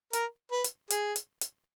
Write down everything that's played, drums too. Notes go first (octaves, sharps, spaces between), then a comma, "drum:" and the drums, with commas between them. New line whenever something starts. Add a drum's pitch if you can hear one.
A#4, drum: hi-hat
B4
drum: hi-hat
G#4, drum: hi-hat
drum: hi-hat
drum: hi-hat